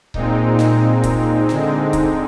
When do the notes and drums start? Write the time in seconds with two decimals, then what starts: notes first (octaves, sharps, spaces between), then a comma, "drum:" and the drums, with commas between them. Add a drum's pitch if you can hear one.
0.14 A#2 G#3 C4 D#4, drum: kick C#1
0.59 drum: snare
1.04 drum: kick C#1, hi-hat
1.49 D3 G#3 C4, drum: snare
1.93 drum: kick C#1, hi-hat